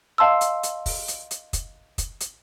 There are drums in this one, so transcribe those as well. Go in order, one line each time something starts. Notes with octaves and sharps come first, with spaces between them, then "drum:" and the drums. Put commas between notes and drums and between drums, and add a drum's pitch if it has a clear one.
D#5 F5 A5 C6 E6
drum: hi-hat
drum: hi-hat
drum: kick, open hi-hat
drum: hi-hat
drum: hi-hat
drum: kick, hi-hat
drum: kick, hi-hat
drum: hi-hat